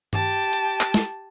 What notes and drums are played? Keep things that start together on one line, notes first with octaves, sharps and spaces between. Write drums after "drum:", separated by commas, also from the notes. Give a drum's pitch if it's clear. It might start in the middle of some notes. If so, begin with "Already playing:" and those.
G4 A5, drum: tom G2
drum: hi-hat
drum: clap
drum: snare